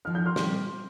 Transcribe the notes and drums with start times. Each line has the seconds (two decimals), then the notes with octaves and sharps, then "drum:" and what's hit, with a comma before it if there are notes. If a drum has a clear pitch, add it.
0.05 F3 D#4 F6
0.15 G6
0.26 C6 F6
0.36 A#2 G3 C4, drum: snare